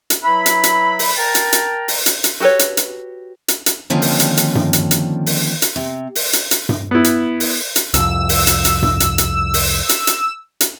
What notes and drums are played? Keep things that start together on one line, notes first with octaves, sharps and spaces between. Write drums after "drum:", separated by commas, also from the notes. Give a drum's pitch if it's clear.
drum: hi-hat
F#3 E4 B4 E5 B5
drum: hi-hat
drum: hi-hat
drum: open hi-hat
A#4 G5 A5 A#5
drum: hi-hat
drum: hi-hat
drum: open hi-hat
drum: hi-hat
drum: hi-hat
F#4 G4 A4 B4 C#5
drum: hi-hat
drum: hi-hat
drum: hi-hat
drum: hi-hat
D3 D#3 F3 A#3 C4 C#4
drum: open hi-hat
drum: hi-hat
drum: hi-hat
drum: tom G2
drum: hi-hat
drum: hi-hat
drum: open hi-hat
drum: hi-hat
C3
drum: open hi-hat
drum: hi-hat
drum: hi-hat
drum: tom G2
B3 E4
drum: hi-hat
drum: open hi-hat
drum: hi-hat
C2 F2 E6, drum: hi-hat
drum: open hi-hat
drum: hi-hat
drum: hi-hat
drum: tom G2
drum: hi-hat
drum: hi-hat
drum: open hi-hat
drum: hi-hat
drum: hi-hat
drum: hi-hat